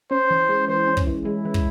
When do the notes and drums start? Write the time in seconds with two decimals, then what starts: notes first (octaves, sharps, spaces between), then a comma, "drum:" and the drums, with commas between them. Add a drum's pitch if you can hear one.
0.11 C#4 C5
0.31 E3
0.49 G#3
0.68 E3 C5
0.87 C#4
0.97 drum: kick
1.07 E3
1.25 G#3 E4
1.45 E3
1.54 drum: kick